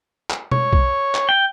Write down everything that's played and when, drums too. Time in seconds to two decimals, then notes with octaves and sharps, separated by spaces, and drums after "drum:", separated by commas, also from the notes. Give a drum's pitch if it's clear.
0.30 drum: clap
0.51 C#5, drum: tom B2
0.73 drum: kick B1
1.15 drum: clap
1.29 G5